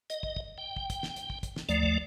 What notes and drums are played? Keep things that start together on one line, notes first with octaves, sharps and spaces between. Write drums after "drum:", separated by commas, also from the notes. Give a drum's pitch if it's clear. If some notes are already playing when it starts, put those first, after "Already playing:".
D#5, drum: hi-hat
drum: kick
drum: kick
G5
drum: kick
drum: kick, hi-hat
drum: snare
drum: hi-hat
drum: kick
drum: kick, hi-hat
drum: snare
D#2 F3 A3 D5, drum: hi-hat
drum: kick